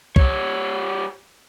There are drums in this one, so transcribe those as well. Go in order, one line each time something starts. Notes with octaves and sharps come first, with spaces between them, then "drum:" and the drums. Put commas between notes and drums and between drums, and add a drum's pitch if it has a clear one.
G3 C#5, drum: kick C2